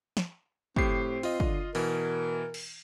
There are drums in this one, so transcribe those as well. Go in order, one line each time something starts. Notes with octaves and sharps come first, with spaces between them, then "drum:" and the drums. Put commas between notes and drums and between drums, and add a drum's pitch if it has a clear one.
drum: snare
A2 C4 G4 C7, drum: kick
F4 D#5, drum: open hi-hat
D3, drum: kick
B2 E3 A#4, drum: open hi-hat
drum: cymbal